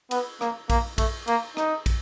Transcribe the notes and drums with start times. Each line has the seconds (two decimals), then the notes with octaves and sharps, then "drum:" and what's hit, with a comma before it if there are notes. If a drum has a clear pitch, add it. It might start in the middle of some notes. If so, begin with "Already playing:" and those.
0.11 B3, drum: cymbal
0.41 A#3, drum: rim click
0.70 A#3, drum: kick, cymbal
0.98 A3, drum: kick, cymbal
1.28 A#3, drum: cymbal
1.57 D#4, drum: rim click
1.86 drum: kick, cymbal